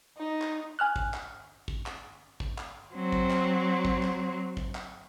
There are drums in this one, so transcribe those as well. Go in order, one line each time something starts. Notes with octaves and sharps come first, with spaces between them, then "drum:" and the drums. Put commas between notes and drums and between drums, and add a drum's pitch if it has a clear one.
D#4
drum: clap
G#5 F6 F#6
drum: kick
drum: clap
drum: kick
drum: clap
drum: kick
drum: clap
F#3 C4
drum: kick
drum: clap
drum: kick
drum: clap
drum: kick
drum: clap